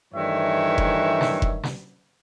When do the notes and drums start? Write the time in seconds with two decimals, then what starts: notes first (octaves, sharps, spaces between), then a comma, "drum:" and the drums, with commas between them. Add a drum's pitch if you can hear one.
0.14 G2 D#3 E3 A3 C#5 E5
0.78 drum: kick F1
1.21 drum: snare
1.42 drum: kick F1
1.63 drum: snare